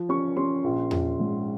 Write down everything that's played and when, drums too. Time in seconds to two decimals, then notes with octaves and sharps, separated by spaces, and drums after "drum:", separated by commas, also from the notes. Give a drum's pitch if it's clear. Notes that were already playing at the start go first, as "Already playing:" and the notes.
Already playing: F3
0.09 C#4 C#6
0.37 C#4 C6
0.64 A#1
0.91 A#1, drum: tom E2
1.19 G#2